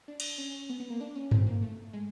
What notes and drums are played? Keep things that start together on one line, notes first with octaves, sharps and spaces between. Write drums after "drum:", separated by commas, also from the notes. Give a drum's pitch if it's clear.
D4
drum: cymbal
C#4
B3
B3
A#3
D4
C#4
C4, drum: tom G2
A#3
A3
G#3